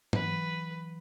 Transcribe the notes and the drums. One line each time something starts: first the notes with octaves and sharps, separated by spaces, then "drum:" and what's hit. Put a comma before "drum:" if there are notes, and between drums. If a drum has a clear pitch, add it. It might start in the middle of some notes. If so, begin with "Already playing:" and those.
E3 F#3 B4, drum: tom G#2